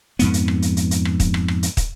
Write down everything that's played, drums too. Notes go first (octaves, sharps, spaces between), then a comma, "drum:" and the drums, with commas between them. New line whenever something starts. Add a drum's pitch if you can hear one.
F2 G#2 B3, drum: hi-hat
drum: hi-hat
drum: rim click
drum: hi-hat
drum: hi-hat
drum: hi-hat
drum: rim click
drum: kick, hi-hat
drum: rim click
drum: rim click
drum: hi-hat
drum: kick, hi-hat